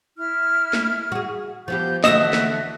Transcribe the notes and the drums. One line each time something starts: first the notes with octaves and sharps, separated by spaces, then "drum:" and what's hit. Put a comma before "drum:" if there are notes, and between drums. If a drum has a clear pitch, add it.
E4 F6
drum: snare
F#4 G#4
F3 B3 G4 G6
E2 D3 F#4 D#5 E5 E6 A#6, drum: snare
drum: snare